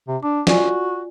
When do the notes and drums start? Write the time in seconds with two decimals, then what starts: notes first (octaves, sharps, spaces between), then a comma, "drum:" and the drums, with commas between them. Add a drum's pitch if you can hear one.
0.08 C3
0.23 D4 D6
0.47 F4 F#4 D5 G#5, drum: snare